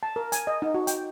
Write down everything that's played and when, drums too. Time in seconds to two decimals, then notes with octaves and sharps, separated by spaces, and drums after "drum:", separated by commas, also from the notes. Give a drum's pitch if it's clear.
0.03 A5
0.16 A#4
0.32 G#5, drum: hi-hat
0.47 D#5
0.62 D#4
0.74 F#4
0.87 G5, drum: hi-hat